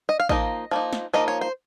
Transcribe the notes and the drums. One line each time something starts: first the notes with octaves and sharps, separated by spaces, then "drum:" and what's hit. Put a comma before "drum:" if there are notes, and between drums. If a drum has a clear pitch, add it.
D#5
F5
F3 A#3 D#4 D#5, drum: kick A1
F3 A#3 D#4
drum: snare
F3 A#3 D#4 D#5
C#5
C5